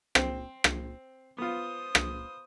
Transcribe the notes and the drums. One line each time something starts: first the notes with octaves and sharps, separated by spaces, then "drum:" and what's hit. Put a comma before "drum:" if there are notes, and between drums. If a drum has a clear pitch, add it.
C4, drum: rim click
drum: rim click
B3 F4 C5 D#6
drum: rim click